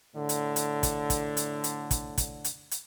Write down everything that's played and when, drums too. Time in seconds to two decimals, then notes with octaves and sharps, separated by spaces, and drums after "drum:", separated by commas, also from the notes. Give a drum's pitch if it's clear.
0.16 A2 D3
0.29 drum: hi-hat
0.56 drum: hi-hat
0.83 drum: kick, hi-hat
1.10 drum: kick, hi-hat
1.37 drum: hi-hat
1.64 drum: hi-hat
1.91 drum: kick, hi-hat
2.18 drum: kick, hi-hat
2.44 drum: hi-hat
2.71 drum: hi-hat